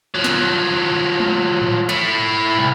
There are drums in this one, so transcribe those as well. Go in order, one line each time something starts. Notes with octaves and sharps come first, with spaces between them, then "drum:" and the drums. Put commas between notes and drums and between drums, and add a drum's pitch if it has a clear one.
F3 F#3
drum: snare
drum: tom G#3
drum: tom A2
A3 E4, drum: hi-hat
C2